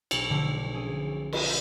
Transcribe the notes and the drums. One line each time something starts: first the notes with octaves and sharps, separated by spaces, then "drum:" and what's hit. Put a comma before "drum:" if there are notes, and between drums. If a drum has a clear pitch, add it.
B1 A4 E6, drum: cymbal
B2 D3 F3 A3 D4
C#4 G#4
drum: cymbal